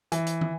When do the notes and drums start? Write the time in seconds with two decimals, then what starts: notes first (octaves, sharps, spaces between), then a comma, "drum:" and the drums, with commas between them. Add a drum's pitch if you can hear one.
0.12 E3, drum: hi-hat
0.27 drum: hi-hat
0.41 drum: tom